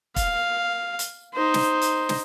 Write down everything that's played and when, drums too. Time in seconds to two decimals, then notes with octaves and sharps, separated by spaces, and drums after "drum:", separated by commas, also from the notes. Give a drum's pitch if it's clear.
0.16 F5, drum: kick, hi-hat
0.99 drum: hi-hat
1.34 D#4 C5
1.54 drum: snare
1.82 drum: hi-hat
2.09 drum: snare